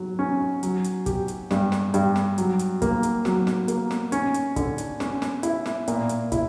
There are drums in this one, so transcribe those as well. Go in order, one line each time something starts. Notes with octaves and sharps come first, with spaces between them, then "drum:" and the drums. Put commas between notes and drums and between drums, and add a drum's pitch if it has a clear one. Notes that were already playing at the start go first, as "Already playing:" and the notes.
Already playing: F#3
C#4
F#3, drum: hi-hat
drum: hi-hat
G4, drum: kick, hi-hat
drum: hi-hat
G2, drum: snare
drum: snare
G2, drum: hi-hat
drum: snare
F#3, drum: hi-hat
drum: hi-hat
A#3, drum: kick, hi-hat
drum: hi-hat
F#3, drum: snare
drum: snare
A#3, drum: hi-hat
drum: snare
C#4, drum: hi-hat
drum: hi-hat
D3, drum: kick, hi-hat
drum: hi-hat
C#4, drum: snare
drum: snare
E4, drum: hi-hat
drum: snare
A#2, drum: hi-hat
drum: hi-hat
E4, drum: kick, hi-hat